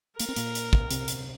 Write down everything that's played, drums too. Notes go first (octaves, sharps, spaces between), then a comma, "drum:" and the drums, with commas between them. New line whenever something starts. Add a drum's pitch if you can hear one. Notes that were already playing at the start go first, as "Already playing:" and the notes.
A#3 A#4, drum: hi-hat
C4
A#2 A#3, drum: hi-hat
drum: hi-hat
drum: kick
C3 C4, drum: hi-hat
drum: hi-hat